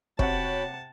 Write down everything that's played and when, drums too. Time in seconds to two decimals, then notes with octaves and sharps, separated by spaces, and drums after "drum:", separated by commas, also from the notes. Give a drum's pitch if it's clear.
0.19 C3 F#4 C#5 F#5 G5 A5 B5, drum: kick